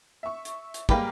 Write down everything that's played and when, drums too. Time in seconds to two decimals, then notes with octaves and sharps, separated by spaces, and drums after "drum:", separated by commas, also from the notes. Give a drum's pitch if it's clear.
0.23 E5 C#6
0.45 drum: hi-hat
0.74 drum: hi-hat
0.89 G3 G#3 A#3 G4 B4 G5, drum: kick